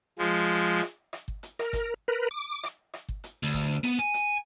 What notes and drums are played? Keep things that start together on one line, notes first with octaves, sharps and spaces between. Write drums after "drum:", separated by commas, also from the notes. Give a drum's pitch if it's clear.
F3 G#3
drum: hi-hat
drum: rim click
drum: rim click
drum: kick G1
drum: hi-hat
A#4, drum: rim click
drum: kick G1, hi-hat
A#4 B4
D6
drum: rim click
drum: rim click
drum: kick G1
drum: hi-hat
D2
drum: kick G1, hi-hat
B3, drum: hi-hat
G#5
drum: hi-hat